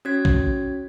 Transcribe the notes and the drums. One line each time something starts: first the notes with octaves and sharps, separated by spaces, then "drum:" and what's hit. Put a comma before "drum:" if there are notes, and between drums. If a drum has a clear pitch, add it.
C#4 F#4 C#5 G#6 B6
drum: kick A#1